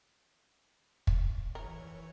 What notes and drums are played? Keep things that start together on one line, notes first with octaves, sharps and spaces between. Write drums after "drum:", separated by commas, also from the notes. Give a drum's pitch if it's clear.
drum: kick
E3 A#4 C#5